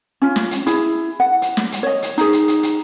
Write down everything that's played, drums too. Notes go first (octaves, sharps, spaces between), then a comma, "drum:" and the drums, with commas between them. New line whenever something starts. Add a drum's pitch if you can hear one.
C#4 F4
drum: snare
drum: hi-hat
E4 G#4, drum: hi-hat
F#5
drum: hi-hat
drum: snare
drum: hi-hat
C#5 D#5
drum: hi-hat
D#4 G#4, drum: hi-hat
drum: hi-hat
drum: hi-hat
drum: hi-hat